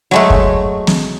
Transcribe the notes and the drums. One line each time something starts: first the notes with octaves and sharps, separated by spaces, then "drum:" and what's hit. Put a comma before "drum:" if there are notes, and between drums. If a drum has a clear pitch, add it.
F#3 G#3 A3
drum: kick
drum: snare